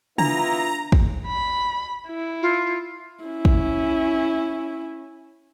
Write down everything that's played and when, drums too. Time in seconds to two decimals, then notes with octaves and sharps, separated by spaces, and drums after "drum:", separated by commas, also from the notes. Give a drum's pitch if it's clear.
0.18 B3 D4 E4 F4 A#5, drum: tom
0.92 drum: kick
1.27 B5
2.08 E4
2.42 F4
3.24 C#4 E4
3.45 drum: kick